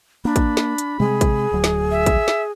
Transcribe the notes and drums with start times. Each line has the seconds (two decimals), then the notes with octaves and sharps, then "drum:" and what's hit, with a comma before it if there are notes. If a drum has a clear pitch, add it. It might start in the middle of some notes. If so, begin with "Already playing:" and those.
0.25 A#3 D4 B5
0.36 drum: kick, hi-hat
0.57 drum: snare
0.78 drum: hi-hat
1.00 C3 G#3 C4 G#4, drum: tom G3
1.21 drum: kick, hi-hat
1.52 D1 D2 F#3
1.64 drum: snare
1.91 E5
2.06 drum: kick, hi-hat
2.28 drum: snare